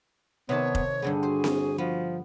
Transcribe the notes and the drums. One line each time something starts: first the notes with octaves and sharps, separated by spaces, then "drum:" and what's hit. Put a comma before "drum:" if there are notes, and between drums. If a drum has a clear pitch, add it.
C3 D#3 B3 C#5 A5
drum: kick F1
G2 D3 B3 G#4
F#4 C5
drum: snare C4
F3 B3